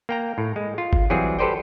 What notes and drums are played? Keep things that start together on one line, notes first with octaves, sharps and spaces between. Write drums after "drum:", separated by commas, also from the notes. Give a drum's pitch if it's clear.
A#3 G5 A#5
A2
G#3
F4
drum: kick G1
E3 F#3 G3 C4 G#4
G4 A4 B4 C5 D5 G5